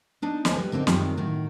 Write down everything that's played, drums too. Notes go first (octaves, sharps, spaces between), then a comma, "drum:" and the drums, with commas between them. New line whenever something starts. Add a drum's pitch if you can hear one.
B3 D4 D#4
D2 A#3 C#5 D#5 G#5 A5, drum: snare
G3 B4
D3 A#3 C4 D#4
F#2 C3 D#3 G3 G#3 F4, drum: snare
A2 D#3 F#4